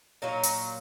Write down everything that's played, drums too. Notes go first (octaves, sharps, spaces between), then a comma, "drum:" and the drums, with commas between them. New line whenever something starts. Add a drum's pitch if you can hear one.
A#2 F#3 D#4
drum: hi-hat